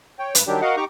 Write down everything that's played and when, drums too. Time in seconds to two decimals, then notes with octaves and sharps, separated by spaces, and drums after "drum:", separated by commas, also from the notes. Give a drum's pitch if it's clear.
0.19 C#5 G5
0.35 G2 B4, drum: hi-hat
0.47 D#3 F#3 G3 D4 G4
0.62 F#4 A#4 D#5 F5 F#5
0.76 D#4 G4 A#5 C#6 D6